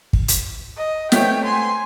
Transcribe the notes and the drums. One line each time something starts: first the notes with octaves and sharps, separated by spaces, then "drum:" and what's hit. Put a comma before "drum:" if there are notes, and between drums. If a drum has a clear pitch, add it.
drum: kick
drum: hi-hat
D#5
A3 B3 C4 C#5 G5, drum: snare
G#5 C6